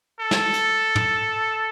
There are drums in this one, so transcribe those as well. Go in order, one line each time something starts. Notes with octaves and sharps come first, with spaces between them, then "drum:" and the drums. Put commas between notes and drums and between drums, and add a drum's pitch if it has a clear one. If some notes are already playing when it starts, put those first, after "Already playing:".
A4
drum: snare
drum: hi-hat
drum: tom